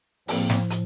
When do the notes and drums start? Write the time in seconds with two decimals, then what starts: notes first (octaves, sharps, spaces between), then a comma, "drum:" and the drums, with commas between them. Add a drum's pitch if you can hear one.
0.28 A2 F3 A#3 C4, drum: open hi-hat
0.49 drum: snare
0.70 drum: hi-hat